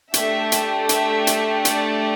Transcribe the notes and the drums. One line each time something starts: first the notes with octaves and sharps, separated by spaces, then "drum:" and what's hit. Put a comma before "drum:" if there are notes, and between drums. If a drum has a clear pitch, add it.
A3 D4 G4 E5, drum: hi-hat
drum: hi-hat
E5, drum: hi-hat
drum: hi-hat
D5, drum: hi-hat